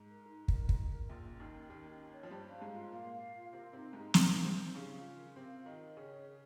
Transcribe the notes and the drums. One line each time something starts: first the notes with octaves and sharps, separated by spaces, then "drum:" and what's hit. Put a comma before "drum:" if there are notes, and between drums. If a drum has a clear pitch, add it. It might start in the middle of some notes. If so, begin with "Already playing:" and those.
Already playing: G#2
A#4
D#4
A#4, drum: kick
D#4, drum: kick
A#4
A#1 A#2 C#4
C#4
D#2 D#3
C#4
D#2 D#3 G4
C#4
C#5
F3
G2 G3 C5
F5
G#2 G#3
F4
A#2 A#3 F5
F5
F4
C3 C4 A#4
C3 C4 D#4
G#2 G#3 D#4
A#2 A#3 D#4, drum: snare
A#4
C3 C4
D#4
C#3 C#4 F5
F4
A#4
C3 C4 F5
F4
D#3 D#4
A#4
C#3 C#4 C#5
G#4